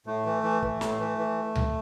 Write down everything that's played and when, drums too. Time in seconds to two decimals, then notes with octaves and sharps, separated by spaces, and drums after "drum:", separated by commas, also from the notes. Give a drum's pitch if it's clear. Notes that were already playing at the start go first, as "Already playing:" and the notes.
0.07 A2 A3
0.25 E3
0.43 E3
0.62 E3, drum: kick
0.81 A2, drum: snare
0.99 E3
1.18 E3
1.55 drum: tom C#2